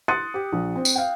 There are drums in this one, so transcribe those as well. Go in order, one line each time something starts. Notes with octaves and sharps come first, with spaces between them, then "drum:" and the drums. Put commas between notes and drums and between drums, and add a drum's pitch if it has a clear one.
C6 D#6 F#6 A6 C#7 D#7
G4
A#1
C4
drum: tambourine
F5 G5